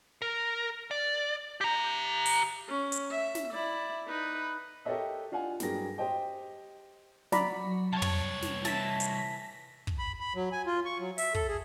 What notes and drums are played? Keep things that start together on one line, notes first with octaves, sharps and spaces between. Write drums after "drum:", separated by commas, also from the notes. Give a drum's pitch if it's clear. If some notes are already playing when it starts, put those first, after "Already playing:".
A#4
D5
G4 A#5
drum: open hi-hat
C#4
drum: hi-hat
E5
drum: snare
E4 D5
D#4 B4
G4 A4 A#4 C#5 D#5 E5
D4 F4 F5 F#5 G#5
G2 F#3 G4 G#4 A#4 A#6, drum: snare
G4 C5 D#5 G5
F#3 D5 A#5 B5, drum: snare
C2 C#5 A5
drum: tom
drum: snare
E3 A5 A#6 B6, drum: snare
drum: hi-hat
drum: kick
B5
B5
F#3
G#5
F4
C#6
F#3
E5, drum: open hi-hat
A4, drum: kick
G#4